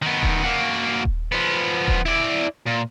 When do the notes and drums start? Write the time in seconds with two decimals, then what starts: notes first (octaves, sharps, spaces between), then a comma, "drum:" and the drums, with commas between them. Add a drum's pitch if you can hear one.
0.02 D#3 B3
0.23 drum: kick D#1
0.44 A#3 F#4
1.05 drum: kick D#1
1.32 F3 B3
1.88 drum: kick D#1
2.06 E4 D5
2.66 A#2